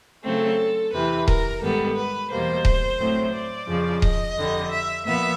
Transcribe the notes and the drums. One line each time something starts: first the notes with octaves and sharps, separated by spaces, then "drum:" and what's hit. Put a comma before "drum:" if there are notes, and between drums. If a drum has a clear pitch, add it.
C#3 F#3 A3 C4 A4
E2 C3 E3 B4
A#4, drum: kick D#1
G#2 D#3 G3 B3 A4
B4
E2 B2 G3 A#3 C5
drum: kick D#1
A2 F#3 A3 C4
D5
F2 C#3 F3
D#5, drum: kick D#1
F2 D3 G3
E5
A#2 F3 B3 E5